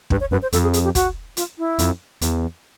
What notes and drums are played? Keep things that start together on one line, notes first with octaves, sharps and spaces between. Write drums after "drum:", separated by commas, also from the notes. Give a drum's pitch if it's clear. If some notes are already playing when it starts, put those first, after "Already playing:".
G2 B4, drum: kick
C#5
F#2 B4
C5
F2 A4, drum: hi-hat
G#4
G#4, drum: hi-hat
G4
F#4, drum: kick, hi-hat
F4, drum: hi-hat
E4
F2, drum: hi-hat
E2, drum: hi-hat